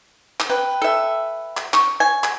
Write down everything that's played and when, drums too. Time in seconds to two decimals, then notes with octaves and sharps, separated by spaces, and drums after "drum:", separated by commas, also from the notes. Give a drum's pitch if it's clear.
0.40 drum: clap
0.49 B4 G5
0.82 A4 E5
1.57 drum: clap
1.74 C#6, drum: clap
2.00 G#5
2.24 drum: clap